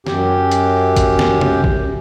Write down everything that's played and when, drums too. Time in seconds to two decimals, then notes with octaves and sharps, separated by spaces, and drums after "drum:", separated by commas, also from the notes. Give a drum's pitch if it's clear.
0.07 F#2 G4, drum: snare
0.51 drum: hi-hat
0.96 drum: kick, hi-hat
1.19 drum: snare
1.41 drum: tom C3
1.64 drum: kick